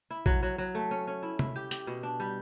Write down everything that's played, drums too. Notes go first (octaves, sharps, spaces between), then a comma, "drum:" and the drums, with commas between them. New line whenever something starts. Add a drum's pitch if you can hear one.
E4
F#3, drum: kick A#1
F#3
F#3
A3
C#4
C#4
E4
E4, drum: tom
G4
G4, drum: hi-hat
B2
D4
G3